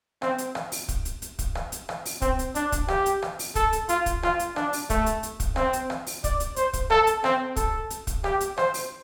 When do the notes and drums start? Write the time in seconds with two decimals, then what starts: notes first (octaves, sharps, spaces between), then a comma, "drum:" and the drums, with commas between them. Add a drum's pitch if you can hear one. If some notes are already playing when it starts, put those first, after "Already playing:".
0.22 C4, drum: rim click
0.38 drum: hi-hat
0.55 drum: rim click
0.72 drum: open hi-hat
0.88 drum: kick, hi-hat
1.05 drum: hi-hat
1.22 drum: hi-hat
1.39 drum: kick, hi-hat
1.55 drum: rim click
1.72 drum: hi-hat
1.89 drum: rim click
2.05 drum: open hi-hat
2.22 C4, drum: kick, hi-hat
2.39 drum: hi-hat
2.55 D4, drum: hi-hat
2.72 drum: kick, hi-hat
2.88 G4, drum: rim click
3.06 drum: hi-hat
3.22 drum: rim click
3.39 drum: open hi-hat
3.55 A4, drum: kick, hi-hat
3.73 drum: hi-hat
3.89 F4, drum: hi-hat
4.06 drum: kick, hi-hat
4.23 F4, drum: rim click
4.39 drum: hi-hat
4.56 D4, drum: rim click
4.73 drum: open hi-hat
4.90 A3, drum: kick, hi-hat
5.06 drum: hi-hat
5.23 drum: hi-hat
5.40 drum: kick, hi-hat
5.56 C4, drum: rim click
5.73 drum: hi-hat
5.90 drum: rim click
6.07 drum: open hi-hat
6.24 D5, drum: kick, hi-hat
6.40 drum: hi-hat
6.56 C5, drum: hi-hat
6.73 drum: kick, hi-hat
6.90 A4, drum: rim click
7.07 drum: hi-hat
7.24 C4, drum: rim click
7.56 A4, drum: kick, hi-hat
7.90 drum: hi-hat
8.07 drum: kick, hi-hat
8.24 G4, drum: rim click
8.41 drum: hi-hat
8.58 C5, drum: rim click
8.74 drum: open hi-hat